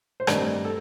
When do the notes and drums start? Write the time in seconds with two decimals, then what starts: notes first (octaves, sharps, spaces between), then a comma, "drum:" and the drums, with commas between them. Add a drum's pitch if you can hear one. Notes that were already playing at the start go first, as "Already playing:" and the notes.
0.20 C5
0.27 G2 D#3 A3 C4 A#4 D5, drum: rim click
0.65 A4